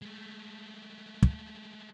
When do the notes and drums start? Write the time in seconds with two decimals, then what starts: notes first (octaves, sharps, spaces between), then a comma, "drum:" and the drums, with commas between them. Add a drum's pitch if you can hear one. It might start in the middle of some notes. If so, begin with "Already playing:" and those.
0.02 G#3 A3
1.23 drum: kick